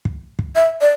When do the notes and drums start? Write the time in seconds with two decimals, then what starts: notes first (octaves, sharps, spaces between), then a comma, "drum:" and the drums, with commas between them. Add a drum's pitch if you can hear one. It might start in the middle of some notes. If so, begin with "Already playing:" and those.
0.05 drum: kick
0.39 drum: kick
0.55 E5
0.81 D5